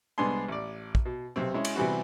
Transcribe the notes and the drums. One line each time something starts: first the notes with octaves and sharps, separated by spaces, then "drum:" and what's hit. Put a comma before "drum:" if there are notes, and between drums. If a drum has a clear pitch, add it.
C2 G#3 B3 D4 G#5 C6
A1 D5
drum: kick
B2
B1 C3 C4
G#3 C#4 E4
drum: cymbal
C3 E3 G3 B3 F#4